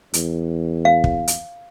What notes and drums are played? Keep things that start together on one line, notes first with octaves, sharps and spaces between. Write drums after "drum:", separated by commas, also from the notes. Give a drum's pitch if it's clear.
E2, drum: hi-hat
F5
drum: kick
drum: hi-hat